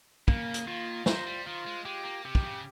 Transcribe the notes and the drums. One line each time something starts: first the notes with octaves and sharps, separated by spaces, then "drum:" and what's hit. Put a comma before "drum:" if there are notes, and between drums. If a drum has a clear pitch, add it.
C#3 A#3, drum: kick
drum: hi-hat
D#3 F4
D#3 C5, drum: snare
G3
D#3 F4
G#3
G#3 G4
A#3
C3 G4
D#3, drum: kick
C#3